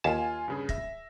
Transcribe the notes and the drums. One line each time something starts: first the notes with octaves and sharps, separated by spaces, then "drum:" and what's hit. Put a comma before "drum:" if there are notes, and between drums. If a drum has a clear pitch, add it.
D#2 F4 G#5 A5
G2 C#3 G#4
E5 A#6, drum: kick